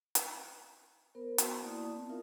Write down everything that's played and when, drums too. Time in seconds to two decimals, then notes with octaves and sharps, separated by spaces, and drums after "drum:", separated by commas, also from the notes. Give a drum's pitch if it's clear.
0.15 drum: hi-hat
1.15 B3 A#4 C5
1.38 F#4 A5 C6 C#6, drum: hi-hat
1.62 A#3 B3 E4 D5 A5 D#6
1.96 C4
2.09 D#4 F4 A#4 D5 E5 F5